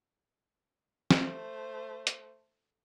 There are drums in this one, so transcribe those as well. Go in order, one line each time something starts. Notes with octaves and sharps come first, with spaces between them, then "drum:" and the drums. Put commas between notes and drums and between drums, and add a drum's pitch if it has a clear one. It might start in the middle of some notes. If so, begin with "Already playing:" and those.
A3 C5, drum: snare
drum: hi-hat